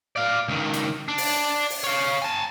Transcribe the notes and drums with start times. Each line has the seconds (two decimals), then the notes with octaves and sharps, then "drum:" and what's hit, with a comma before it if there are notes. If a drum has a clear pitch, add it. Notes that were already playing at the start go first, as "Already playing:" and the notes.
0.16 D5 F5
0.48 C#2 D#3
0.73 drum: hi-hat
1.08 D4
1.18 drum: open hi-hat
1.70 drum: open hi-hat
1.84 C#5 F5
2.22 G#5 A5